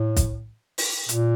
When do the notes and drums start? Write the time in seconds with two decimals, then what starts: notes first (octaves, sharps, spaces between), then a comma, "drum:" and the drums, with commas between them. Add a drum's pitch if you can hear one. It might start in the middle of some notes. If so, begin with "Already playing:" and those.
Already playing: A2
0.16 drum: kick, hi-hat
0.78 drum: open hi-hat
1.09 A#2, drum: hi-hat